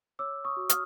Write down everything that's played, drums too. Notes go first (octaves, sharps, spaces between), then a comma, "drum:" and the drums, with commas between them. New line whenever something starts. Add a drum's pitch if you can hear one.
C#5 D6 E6
C#6 D#6
F#4
D#6 F6, drum: hi-hat